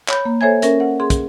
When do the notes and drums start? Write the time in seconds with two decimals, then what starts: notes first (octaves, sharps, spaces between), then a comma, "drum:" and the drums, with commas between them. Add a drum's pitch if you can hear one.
0.09 C#5 B5 G6, drum: clap
0.25 A#3
0.41 A4 C5 C#5 E5 G#5 G#6
0.62 C#4 A#4 E5, drum: hi-hat
0.80 F#5
1.00 G#4 C6
1.10 drum: kick, hi-hat